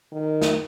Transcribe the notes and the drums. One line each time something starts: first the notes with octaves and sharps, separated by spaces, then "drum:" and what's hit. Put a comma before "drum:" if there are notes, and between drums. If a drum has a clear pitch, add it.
D#3
drum: snare